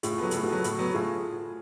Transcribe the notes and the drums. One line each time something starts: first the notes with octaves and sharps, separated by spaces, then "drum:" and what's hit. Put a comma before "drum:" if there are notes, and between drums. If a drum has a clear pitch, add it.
A2 F4 G#4, drum: hi-hat
F#3 B3 A4
A2 G#4, drum: hi-hat
F#4 A4
F#3 B3
A2, drum: hi-hat
F#3 B3
A4
A2 F4 G#4